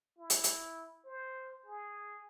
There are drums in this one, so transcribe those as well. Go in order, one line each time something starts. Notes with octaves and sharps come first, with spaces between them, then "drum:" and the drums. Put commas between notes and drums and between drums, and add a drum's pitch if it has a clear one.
E4
drum: hi-hat
drum: hi-hat
C5
G#4